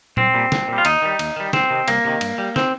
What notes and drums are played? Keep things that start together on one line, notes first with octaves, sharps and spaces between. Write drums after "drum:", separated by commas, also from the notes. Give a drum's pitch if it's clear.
C2 C4, drum: tom A#2
A#2 G3
C2, drum: snare
A#2 G3
F4
D#2 D#4, drum: cymbal
D#3 G3
D#2, drum: cymbal
D#3 G3
C2 C4, drum: snare
C3 D#3
C2 A#3, drum: cymbal
C3 D#3
G2, drum: cymbal
G3
C4, drum: snare